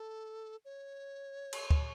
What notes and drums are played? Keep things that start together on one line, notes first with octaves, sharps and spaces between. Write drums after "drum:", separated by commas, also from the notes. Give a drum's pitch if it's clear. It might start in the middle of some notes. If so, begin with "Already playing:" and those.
Already playing: A4
C#5
drum: cymbal
drum: kick D2